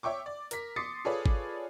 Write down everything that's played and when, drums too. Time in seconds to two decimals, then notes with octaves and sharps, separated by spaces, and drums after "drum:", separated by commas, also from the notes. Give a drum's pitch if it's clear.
0.03 C#5 E5 G5 C#6 D6
0.26 D5
0.51 A#4 B6, drum: hi-hat
0.76 C6 D6 D#6 A6 C7 C#7
1.05 F4 G#4 A4 B4 C#5 D5
1.26 drum: kick G#1